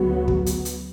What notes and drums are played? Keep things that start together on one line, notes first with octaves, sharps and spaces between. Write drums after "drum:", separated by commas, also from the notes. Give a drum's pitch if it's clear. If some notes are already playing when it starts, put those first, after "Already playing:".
Already playing: D2 C#3 F#3 B3 F#4
drum: kick
drum: hi-hat
drum: hi-hat